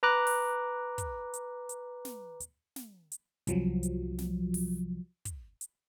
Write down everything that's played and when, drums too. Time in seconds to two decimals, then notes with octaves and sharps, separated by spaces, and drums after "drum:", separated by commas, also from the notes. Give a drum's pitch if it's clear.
0.03 B4 A#5 D6 F#6
0.27 drum: open hi-hat
0.98 drum: kick, hi-hat
1.34 drum: hi-hat
1.69 drum: hi-hat
2.05 drum: snare
2.40 drum: hi-hat
2.76 drum: snare
3.12 drum: hi-hat
3.47 C2 F3 F#3, drum: kick, hi-hat
3.83 drum: hi-hat
4.18 drum: snare
4.54 drum: open hi-hat
5.25 drum: kick, hi-hat
5.61 drum: hi-hat